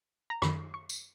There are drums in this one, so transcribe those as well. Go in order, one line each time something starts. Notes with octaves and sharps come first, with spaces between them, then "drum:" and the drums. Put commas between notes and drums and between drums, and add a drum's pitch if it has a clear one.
A#5
F#2 D#3 B5, drum: rim click
C#6
drum: tambourine